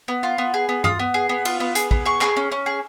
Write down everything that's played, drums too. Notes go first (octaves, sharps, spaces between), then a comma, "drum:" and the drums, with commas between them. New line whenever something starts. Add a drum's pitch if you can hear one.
B3
F4
B3
G#4
B3
F4 D#6, drum: tom G2
B3
G#4
B3
F4, drum: cymbal
B3
G#4, drum: hi-hat
B3, drum: kick
G#4 C#6
G#4, drum: clap
C#4
C#4
G#4